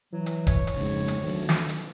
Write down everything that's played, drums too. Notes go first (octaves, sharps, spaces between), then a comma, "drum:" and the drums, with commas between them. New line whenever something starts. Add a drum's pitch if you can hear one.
E3 F#3
drum: hi-hat
C#5, drum: kick E1, hi-hat
drum: hi-hat
F2 G#2 C#3
drum: hi-hat
D2 D#3 F#3
drum: snare
drum: hi-hat